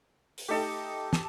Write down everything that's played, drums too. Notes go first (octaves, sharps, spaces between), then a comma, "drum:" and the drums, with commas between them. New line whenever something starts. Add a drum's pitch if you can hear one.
drum: open hi-hat
A3 D#4 G4 A4 D#5
A5, drum: snare